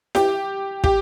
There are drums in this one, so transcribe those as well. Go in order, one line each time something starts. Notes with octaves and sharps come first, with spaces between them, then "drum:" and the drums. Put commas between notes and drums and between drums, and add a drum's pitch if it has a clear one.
G4, drum: snare E4
G4, drum: kick